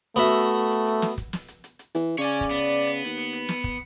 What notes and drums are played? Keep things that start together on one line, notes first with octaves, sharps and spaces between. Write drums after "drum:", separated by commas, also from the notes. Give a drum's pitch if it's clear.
A3 B3 F#4 E5
drum: hi-hat
drum: hi-hat
drum: hi-hat
drum: hi-hat
drum: snare
drum: kick, hi-hat
drum: snare
drum: hi-hat
drum: hi-hat
drum: hi-hat
E3, drum: hi-hat
C#3 C#5 D5 G#5
drum: kick, hi-hat
B3
drum: hi-hat
D#2 C#7, drum: hi-hat
drum: hi-hat
drum: hi-hat
drum: snare
drum: kick